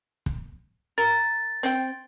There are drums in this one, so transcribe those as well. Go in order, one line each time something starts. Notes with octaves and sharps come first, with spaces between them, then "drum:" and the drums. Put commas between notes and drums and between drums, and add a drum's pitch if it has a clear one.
drum: kick
A#4 A6
C4 G5, drum: hi-hat